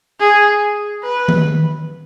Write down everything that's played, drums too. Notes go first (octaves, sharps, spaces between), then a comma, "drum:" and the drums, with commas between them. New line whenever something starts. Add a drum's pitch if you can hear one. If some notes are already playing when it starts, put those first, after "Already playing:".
G#4
B4
drum: tom D#3